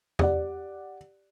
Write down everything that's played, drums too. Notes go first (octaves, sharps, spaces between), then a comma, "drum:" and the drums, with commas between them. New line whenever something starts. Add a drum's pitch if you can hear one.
G4 D5 F#5, drum: tom E2